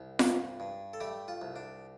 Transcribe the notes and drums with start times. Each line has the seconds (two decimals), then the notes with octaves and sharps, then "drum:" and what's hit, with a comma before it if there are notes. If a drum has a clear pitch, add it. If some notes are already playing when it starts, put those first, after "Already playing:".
Already playing: C2
0.19 G2, drum: snare F4
0.60 G2
0.93 A4
1.00 G3 A3 G4
1.28 F4
1.42 C2
1.56 D4